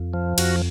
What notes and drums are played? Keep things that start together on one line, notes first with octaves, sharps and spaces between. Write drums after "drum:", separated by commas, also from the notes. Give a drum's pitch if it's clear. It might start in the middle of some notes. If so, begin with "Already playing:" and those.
Already playing: F2
F3
F2 F#4, drum: cymbal